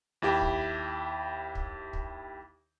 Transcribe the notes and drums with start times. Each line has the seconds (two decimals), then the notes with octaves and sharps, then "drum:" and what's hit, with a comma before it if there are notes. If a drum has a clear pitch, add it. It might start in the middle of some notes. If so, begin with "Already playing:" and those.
0.22 D#2 E4 G4 E5
0.41 drum: kick
1.55 drum: kick
1.93 drum: kick